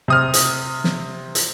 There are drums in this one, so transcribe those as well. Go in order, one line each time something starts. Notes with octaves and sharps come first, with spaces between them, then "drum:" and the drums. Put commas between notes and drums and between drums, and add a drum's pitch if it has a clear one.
C3 D#6 F6
drum: hi-hat
drum: snare
drum: hi-hat